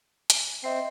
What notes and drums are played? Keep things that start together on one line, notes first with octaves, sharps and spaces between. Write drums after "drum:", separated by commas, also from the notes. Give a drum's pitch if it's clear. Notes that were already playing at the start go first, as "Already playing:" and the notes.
drum: hi-hat
C4 D#5 E5 C7